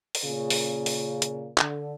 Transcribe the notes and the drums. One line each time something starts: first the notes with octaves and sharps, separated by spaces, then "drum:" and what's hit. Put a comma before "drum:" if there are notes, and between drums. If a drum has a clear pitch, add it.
drum: open hi-hat
A#2 C#3
drum: open hi-hat
drum: open hi-hat
drum: hi-hat
D3, drum: clap